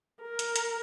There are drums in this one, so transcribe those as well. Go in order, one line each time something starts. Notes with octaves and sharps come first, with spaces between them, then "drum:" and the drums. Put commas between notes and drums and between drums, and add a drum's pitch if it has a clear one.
A#4
drum: hi-hat
drum: hi-hat